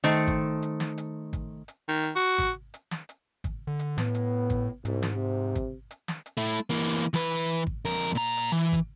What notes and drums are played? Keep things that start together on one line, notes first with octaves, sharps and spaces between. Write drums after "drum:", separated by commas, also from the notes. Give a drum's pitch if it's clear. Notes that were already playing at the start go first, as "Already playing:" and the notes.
D#3 A3 C5
drum: kick G#1, hi-hat
drum: hi-hat
drum: snare
drum: hi-hat
drum: kick G#1, hi-hat
drum: hi-hat
D#3
drum: hi-hat
F#4
drum: kick G#1, hi-hat
drum: hi-hat
drum: snare
drum: hi-hat
drum: kick G#1, hi-hat
D3
drum: hi-hat
A2 B3, drum: snare
drum: hi-hat
drum: kick G#1, hi-hat
C2 G#2, drum: hi-hat
drum: snare
C3
drum: kick G#1, hi-hat
drum: hi-hat
drum: snare
drum: hi-hat
A3 E4
E3 A#3
drum: hi-hat
E3 B4, drum: snare
drum: hi-hat
drum: kick G#1
F2 A#4
drum: hi-hat
A#2 A#5
drum: hi-hat
E3
drum: kick G#1, hi-hat